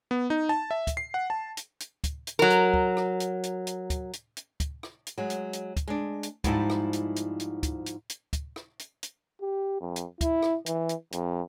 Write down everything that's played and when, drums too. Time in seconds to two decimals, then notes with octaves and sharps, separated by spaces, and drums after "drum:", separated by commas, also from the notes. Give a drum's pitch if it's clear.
0.11 B3
0.30 D#4
0.49 A5
0.71 E5
0.87 drum: kick, hi-hat
0.97 C7
1.14 F#5
1.30 A5
1.57 drum: hi-hat
1.80 drum: hi-hat
2.04 drum: kick, hi-hat
2.27 drum: hi-hat
2.39 F#3 A#4
2.50 drum: hi-hat
2.74 drum: kick
2.97 drum: rim click
3.20 drum: hi-hat
3.43 drum: hi-hat
3.67 drum: hi-hat
3.90 drum: kick, hi-hat
4.13 drum: hi-hat
4.37 drum: hi-hat
4.60 drum: kick, hi-hat
4.83 drum: rim click
5.07 drum: hi-hat
5.18 F#3 G#3
5.30 drum: hi-hat
5.53 drum: hi-hat
5.76 drum: kick, hi-hat
5.88 G#3 D4
6.23 drum: hi-hat
6.44 G#2 F3 G3 D#4 E4 A5, drum: kick, hi-hat
6.70 drum: rim click
6.93 drum: hi-hat
7.16 drum: hi-hat
7.40 drum: hi-hat
7.63 drum: kick, hi-hat
7.86 drum: hi-hat
8.10 drum: hi-hat
8.33 drum: kick, hi-hat
8.56 drum: rim click
8.79 drum: hi-hat
9.03 drum: hi-hat
9.41 G4
9.80 F2
9.96 drum: hi-hat
10.21 E4, drum: kick, hi-hat
10.43 drum: rim click
10.66 E3, drum: hi-hat
10.89 drum: hi-hat
11.12 F2, drum: hi-hat